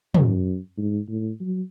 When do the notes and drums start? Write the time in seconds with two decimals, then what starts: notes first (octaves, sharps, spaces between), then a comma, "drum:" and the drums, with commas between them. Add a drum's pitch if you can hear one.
0.14 F#2, drum: tom
0.77 G#2
1.09 A2
1.40 F#3